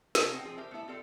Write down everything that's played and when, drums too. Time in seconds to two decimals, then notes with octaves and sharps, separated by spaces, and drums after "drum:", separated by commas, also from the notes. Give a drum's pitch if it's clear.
0.15 C3 C#5 G#5 A#5, drum: snare
0.31 C4 D#4 F#5 G5
0.45 F3 C4 G#4
0.57 G4 A#4 C5 E5
0.71 A3 B3 E4 E5
0.87 C4 F4 G4 A4 D5 E5